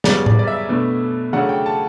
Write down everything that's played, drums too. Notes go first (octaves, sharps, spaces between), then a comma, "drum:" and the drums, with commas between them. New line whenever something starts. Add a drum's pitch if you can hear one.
F#2 C#3 G3 B3 D5, drum: snare
D5, drum: tom A2
D5
E5
B2 A3 D4
C#3 F#3 A3 D4 F#5
G5
A5